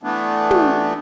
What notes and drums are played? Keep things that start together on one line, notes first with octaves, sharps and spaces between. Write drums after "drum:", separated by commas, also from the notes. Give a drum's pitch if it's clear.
E3 A3 B3 D4
drum: tom